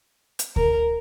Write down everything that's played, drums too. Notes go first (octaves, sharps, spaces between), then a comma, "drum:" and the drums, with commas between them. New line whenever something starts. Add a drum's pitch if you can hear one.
drum: hi-hat
A#4, drum: kick D2